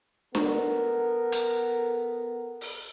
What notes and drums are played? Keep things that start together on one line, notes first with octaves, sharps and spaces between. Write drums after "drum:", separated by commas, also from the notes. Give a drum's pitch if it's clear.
B3 A4 A#4, drum: snare D4
drum: hi-hat
drum: open hi-hat